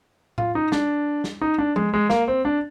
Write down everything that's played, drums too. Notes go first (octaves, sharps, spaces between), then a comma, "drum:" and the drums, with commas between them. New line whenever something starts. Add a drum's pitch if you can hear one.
F4, drum: tom A2
D#4
D4, drum: snare
drum: snare
D#4
D4
G#3, drum: tom F3
G#3
A#3, drum: snare
C4
D4